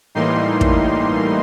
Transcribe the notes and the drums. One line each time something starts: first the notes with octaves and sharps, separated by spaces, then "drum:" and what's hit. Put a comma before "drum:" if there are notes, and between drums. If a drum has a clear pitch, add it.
A2 E3 G3 A#3 D#4 C6
drum: kick